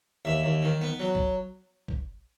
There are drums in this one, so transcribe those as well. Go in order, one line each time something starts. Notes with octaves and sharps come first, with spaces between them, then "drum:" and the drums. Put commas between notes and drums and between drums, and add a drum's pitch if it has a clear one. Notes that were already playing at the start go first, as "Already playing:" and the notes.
D#2 E5
D#2
D#3
B3
F#3
drum: kick
drum: kick